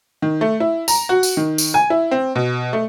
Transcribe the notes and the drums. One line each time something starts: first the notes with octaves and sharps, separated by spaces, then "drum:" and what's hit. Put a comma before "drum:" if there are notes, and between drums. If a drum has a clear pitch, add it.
D#3
A3
E4
A#5, drum: tambourine
F#4
drum: tambourine
D#3
drum: tambourine
G#5
E4
C4
B2
A3